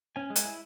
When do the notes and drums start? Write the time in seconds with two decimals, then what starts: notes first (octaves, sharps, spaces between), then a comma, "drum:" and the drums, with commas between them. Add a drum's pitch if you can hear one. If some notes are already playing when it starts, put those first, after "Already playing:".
0.16 C#4 G#5
0.30 G#3
0.36 G#5, drum: hi-hat
0.45 E4